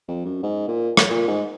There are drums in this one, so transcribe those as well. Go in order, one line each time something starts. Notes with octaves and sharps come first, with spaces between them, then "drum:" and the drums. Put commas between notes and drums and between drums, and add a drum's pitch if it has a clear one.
F2
F#2
G#2
A#2
drum: rim click
A#2
G#2